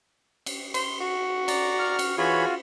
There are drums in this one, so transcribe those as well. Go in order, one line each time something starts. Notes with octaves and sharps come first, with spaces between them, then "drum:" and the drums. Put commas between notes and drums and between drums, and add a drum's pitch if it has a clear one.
drum: cymbal
C6, drum: cymbal
F#4
D5 A#5, drum: cymbal
F6
drum: cymbal
E3 F4 F#4 G#4 C#5 B5